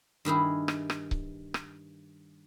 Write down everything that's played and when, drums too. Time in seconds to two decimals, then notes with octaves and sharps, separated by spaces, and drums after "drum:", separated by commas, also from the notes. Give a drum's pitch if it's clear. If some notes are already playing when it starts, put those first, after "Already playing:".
0.25 G2 D#3 E4 G#4
0.68 drum: rim click
0.90 drum: rim click
1.11 drum: kick C#1
1.54 drum: rim click